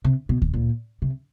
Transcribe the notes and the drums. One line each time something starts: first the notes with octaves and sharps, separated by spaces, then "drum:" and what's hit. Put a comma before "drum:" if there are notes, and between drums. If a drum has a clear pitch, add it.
C3
B2
drum: kick D2
A#2
C3